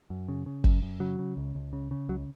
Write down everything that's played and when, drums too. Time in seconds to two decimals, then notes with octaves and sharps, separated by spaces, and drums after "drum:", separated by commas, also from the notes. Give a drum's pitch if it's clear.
0.10 F#2
0.29 C#3
0.46 C#3
0.64 F#2, drum: kick
0.82 F#2
1.00 C#3 F#3
1.19 C#3
1.37 C#2
1.55 C#2
1.73 C#3
1.91 C#3
2.09 C#2 F#3